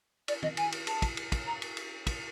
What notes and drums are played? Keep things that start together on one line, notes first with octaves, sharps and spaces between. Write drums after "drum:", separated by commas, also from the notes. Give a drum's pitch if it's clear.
D5, drum: cymbal
D#5, drum: tom
G#5, drum: cymbal
drum: cymbal
A5, drum: cymbal
drum: kick, cymbal
drum: cymbal
drum: kick, cymbal
A#5
drum: cymbal
drum: cymbal
drum: kick, cymbal